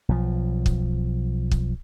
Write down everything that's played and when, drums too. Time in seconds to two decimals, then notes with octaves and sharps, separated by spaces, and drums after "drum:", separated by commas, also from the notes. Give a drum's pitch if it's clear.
0.09 B1 F3
0.66 drum: kick
1.51 drum: kick